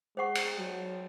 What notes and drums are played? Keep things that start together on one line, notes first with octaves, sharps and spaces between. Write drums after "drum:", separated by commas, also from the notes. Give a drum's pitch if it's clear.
G#3 C5 F#5 C#6
drum: cymbal
F#3